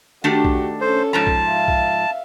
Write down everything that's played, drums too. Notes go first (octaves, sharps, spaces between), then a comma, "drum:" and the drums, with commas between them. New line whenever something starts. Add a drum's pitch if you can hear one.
D#3 A3 D4 F#4 G4
drum: kick
C#4 A4 C5
G#2 F3 A5 A#5
drum: kick
E5 F5
drum: kick